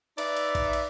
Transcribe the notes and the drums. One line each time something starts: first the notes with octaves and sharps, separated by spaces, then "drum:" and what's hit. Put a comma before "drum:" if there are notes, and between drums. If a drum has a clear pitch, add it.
D#4 B4 D5 E5, drum: cymbal
drum: cymbal
drum: kick, cymbal
drum: cymbal